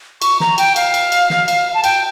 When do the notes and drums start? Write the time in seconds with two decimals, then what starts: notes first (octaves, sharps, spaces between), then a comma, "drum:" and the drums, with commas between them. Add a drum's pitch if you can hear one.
0.22 C#6, drum: cymbal
0.40 A#5, drum: snare
0.58 G5, drum: cymbal
0.76 F5, drum: cymbal
0.94 drum: cymbal
1.12 drum: cymbal
1.30 drum: snare
1.48 drum: cymbal
1.74 A5
1.84 G5, drum: cymbal